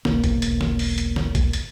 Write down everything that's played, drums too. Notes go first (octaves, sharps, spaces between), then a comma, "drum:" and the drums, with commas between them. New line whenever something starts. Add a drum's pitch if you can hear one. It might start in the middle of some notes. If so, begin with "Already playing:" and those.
E1 B1 A#3, drum: snare D#3
drum: kick A1, hi-hat
drum: hi-hat
drum: snare D#3
drum: open hi-hat
drum: hi-hat
drum: snare D#3
drum: kick A1, hi-hat
drum: hi-hat